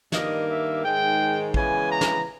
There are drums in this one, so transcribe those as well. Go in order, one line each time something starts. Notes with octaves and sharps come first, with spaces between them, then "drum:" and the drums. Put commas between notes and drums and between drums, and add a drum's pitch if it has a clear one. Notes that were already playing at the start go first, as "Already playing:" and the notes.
G2 D#3 A#3 D#5, drum: snare
E5
G#2 D#3 G#3 G5
C#3 E3 G#3 B3 G#5, drum: kick
A#5
drum: snare